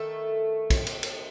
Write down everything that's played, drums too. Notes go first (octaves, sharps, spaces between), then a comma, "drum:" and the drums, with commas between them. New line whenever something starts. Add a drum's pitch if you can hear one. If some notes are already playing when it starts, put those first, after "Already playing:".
Already playing: D#3 A3 A4
drum: kick, cymbal
drum: cymbal
drum: cymbal